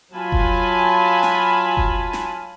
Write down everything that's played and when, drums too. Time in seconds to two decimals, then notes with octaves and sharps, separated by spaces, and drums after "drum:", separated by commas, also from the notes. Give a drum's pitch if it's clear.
0.14 F#3 F4 G#5 A5 B5
0.32 drum: kick F1
1.23 drum: snare
1.77 drum: kick F1
2.13 drum: snare